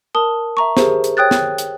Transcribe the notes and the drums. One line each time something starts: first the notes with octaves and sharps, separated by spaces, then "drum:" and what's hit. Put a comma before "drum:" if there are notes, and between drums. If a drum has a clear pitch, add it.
A#4 A5 D#6 G7
E5 A#5 C#6
G4 G#4 A#4 C5, drum: snare
drum: hi-hat
C#5 G5 D#6 F#6 A6
drum: snare
drum: hi-hat